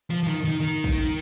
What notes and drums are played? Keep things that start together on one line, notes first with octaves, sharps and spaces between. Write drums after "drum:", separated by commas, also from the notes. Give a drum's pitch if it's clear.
F3, drum: cymbal
F3
D#3
D#3
D#3
drum: kick